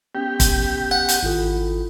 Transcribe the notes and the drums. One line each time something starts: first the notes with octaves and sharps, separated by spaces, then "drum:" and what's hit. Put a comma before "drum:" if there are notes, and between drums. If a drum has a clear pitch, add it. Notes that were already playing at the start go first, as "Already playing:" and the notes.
B3 C#4 G4
drum: kick, hi-hat
F#5
drum: hi-hat
G#1 E4 F4 A4